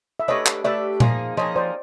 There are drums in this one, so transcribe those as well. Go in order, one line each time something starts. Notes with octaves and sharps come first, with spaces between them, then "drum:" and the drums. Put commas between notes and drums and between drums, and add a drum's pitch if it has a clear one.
E5
A3 D4 G4 B4 C#5 D#5
drum: clap
A3 D4 G4 B4 D5 E5
F3 A#3 D#4 G#4, drum: tom A#2
F3 A#3 D#4 G#4 C#5 D#5
C5 D5